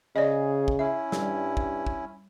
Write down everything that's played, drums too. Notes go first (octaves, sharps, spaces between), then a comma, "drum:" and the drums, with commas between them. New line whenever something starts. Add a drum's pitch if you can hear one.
C#3 G#4 D5 D#5
drum: kick
C#4 E4 E5
G2 G3, drum: snare
drum: kick
drum: kick